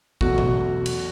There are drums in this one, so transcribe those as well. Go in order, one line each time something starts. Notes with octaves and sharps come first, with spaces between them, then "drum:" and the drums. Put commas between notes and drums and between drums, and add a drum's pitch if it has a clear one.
E2 B2 F#3 A3 F#4, drum: kick
drum: tom B2
drum: cymbal